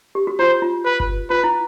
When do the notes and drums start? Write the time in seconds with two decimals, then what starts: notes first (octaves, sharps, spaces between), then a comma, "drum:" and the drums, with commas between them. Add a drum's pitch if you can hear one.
0.15 G4
0.27 F#4
0.39 F4 C5
0.62 F4
0.85 B4
1.00 drum: kick G1
1.30 F4 B4
1.44 E4